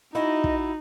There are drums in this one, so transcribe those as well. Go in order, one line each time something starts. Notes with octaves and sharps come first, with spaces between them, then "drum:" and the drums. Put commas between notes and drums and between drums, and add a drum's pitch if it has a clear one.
D#4 E4 F#4 D#5
drum: kick